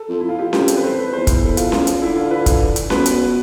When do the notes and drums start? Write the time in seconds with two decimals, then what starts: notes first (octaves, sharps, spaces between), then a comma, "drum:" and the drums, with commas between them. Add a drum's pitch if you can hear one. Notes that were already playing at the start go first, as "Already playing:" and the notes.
Already playing: A4
0.09 F2
0.21 F2 E4
0.29 F4
0.39 G4
0.53 G4, drum: snare C#4
0.68 A4, drum: hi-hat
0.77 B4
0.83 C5
0.98 B4
1.13 E2 C5
1.27 C5, drum: kick, hi-hat
1.43 A4
1.57 F4, drum: hi-hat
1.72 drum: snare C#4
1.87 drum: hi-hat
2.02 D3 E4
2.17 F4
2.31 B4
2.46 drum: kick, hi-hat
2.76 drum: hi-hat
2.90 B2 B4, drum: snare C#4
3.06 drum: hi-hat